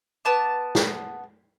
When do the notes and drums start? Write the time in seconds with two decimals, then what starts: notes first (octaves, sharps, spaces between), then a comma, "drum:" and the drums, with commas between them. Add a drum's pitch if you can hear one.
0.25 B3 A5 D6
0.75 drum: snare